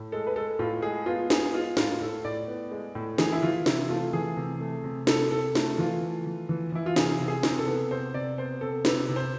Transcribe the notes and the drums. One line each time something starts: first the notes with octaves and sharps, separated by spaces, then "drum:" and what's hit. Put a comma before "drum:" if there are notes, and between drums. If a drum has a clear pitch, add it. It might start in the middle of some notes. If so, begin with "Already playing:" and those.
Already playing: A2
G#3 A4
B4
G#3 A4
A2 F4
G#3 G#4
B3 F4
B3 G#4, drum: snare
G#3 F4
A2 F4, drum: snare
A2 A4
A2 D5
B3
G#3
A2
E3 G#4, drum: snare
E4
E3 F4
C3 E4, drum: snare
A3 F4
E3 G#4
C3
A3
C3
C3 A4, drum: snare
C3 A4
A3, drum: snare
E3 F4
A3
E3
E3
E3 E4
F4
C3 G#4, drum: snare
C3
G#4
C3, drum: snare
A4
B3
C3 C5
C3 D5
B3 C5
C3 A4
C3 B4, drum: snare
C3
C5